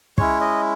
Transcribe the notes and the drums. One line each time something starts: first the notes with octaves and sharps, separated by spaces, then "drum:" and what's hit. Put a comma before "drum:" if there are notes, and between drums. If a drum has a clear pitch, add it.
G#3 C#4 E4 C#5, drum: kick
D#5